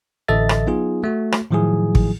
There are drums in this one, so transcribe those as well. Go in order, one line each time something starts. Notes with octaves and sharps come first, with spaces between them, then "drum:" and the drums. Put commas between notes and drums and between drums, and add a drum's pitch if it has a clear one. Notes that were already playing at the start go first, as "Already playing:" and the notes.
A1 D3 A4 D#5 E5 A6
drum: rim click
F#3 B3 D#4 F4 G#4
A3 F#4
drum: rim click
A2 D#3 F3 F#3 E4 G#4
drum: kick